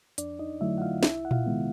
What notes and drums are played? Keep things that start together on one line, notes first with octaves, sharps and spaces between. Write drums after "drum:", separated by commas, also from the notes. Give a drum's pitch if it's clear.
F2 D4 D5, drum: hi-hat
D#4 D#5
D3 F#3 A3 E4 E5
F#5
F4 F5
C2 E4 E5, drum: snare
F#5
F4 F5, drum: tom A#2
C3 D#3 G#3 B3